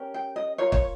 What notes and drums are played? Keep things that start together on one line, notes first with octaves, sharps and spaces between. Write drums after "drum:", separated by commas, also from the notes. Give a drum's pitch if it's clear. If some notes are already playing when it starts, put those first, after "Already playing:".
Already playing: C#4 G4 A#4
G5
D#5
F4 A#4 C#5
C#5, drum: kick